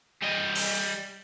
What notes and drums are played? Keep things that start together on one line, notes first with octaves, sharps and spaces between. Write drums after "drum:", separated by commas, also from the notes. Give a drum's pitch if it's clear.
G3 D#5
drum: open hi-hat